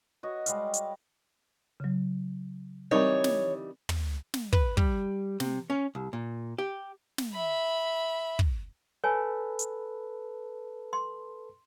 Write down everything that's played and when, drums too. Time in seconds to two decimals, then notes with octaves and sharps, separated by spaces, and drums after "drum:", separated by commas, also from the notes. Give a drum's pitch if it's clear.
0.23 F#4 B4 C#5 D#5
0.46 G3 G#3 F5, drum: hi-hat
0.74 drum: hi-hat
1.80 C#3 F#3
2.91 E3 G3 C4 D#4 A#4 C#5
3.24 drum: snare
3.89 drum: tom
4.34 drum: snare
4.53 B4, drum: kick
4.77 G3, drum: kick
5.40 C3, drum: snare
5.70 C#4
5.95 C2
6.13 A#2
6.58 G4
7.18 drum: snare
7.33 E5 B5
8.39 drum: kick
9.04 A4 B4 C#5 G#5
9.59 drum: hi-hat
10.93 C6